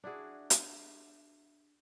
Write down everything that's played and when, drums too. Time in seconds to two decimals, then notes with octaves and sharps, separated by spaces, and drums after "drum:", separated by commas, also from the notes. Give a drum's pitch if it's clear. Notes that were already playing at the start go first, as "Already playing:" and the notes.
0.04 D4 E4 F#4 G#4
0.50 drum: hi-hat